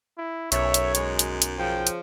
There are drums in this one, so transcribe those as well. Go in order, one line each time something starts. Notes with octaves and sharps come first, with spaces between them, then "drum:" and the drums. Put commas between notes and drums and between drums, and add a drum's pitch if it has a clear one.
E4
B1 F#2 C#5 E5, drum: hi-hat
drum: hi-hat
G#3, drum: hi-hat
drum: hi-hat
drum: hi-hat
C#3 F3 G5
drum: hi-hat